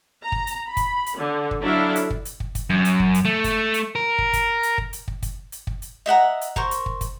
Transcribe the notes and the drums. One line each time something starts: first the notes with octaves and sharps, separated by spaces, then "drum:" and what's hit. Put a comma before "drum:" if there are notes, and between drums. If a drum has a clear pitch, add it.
A#5
drum: kick
drum: hi-hat
B5
drum: kick, hi-hat
drum: hi-hat
D3
drum: kick
F#3 D4 E4 A4 F5
drum: hi-hat
drum: kick
drum: hi-hat
drum: kick
drum: kick, hi-hat
F#2
drum: hi-hat
drum: kick
drum: hi-hat
A3
drum: kick, hi-hat
drum: hi-hat
A#4
drum: kick
drum: kick, hi-hat
drum: hi-hat
drum: kick
drum: hi-hat
drum: kick
drum: kick, hi-hat
drum: hi-hat
drum: kick
drum: hi-hat
D#5 E5 F#5 A#5
drum: hi-hat
A#4 C5 C#6, drum: kick
drum: hi-hat
drum: kick
drum: kick, hi-hat